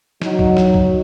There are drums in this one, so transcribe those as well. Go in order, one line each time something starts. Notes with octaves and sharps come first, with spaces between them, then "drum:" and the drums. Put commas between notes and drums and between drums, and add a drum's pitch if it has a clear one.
F#3 D#4, drum: snare
drum: kick
drum: snare
drum: kick